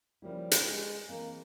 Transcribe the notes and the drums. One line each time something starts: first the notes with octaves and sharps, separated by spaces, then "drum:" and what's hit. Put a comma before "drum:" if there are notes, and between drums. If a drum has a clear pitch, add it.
C#3 F3 G3 A#3 E4
drum: hi-hat
G#3
E3 G#3 A#3 C4